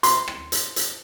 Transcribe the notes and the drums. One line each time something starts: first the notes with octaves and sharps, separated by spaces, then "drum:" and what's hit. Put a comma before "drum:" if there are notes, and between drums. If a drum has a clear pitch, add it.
C6, drum: hi-hat
drum: rim click
drum: hi-hat
drum: hi-hat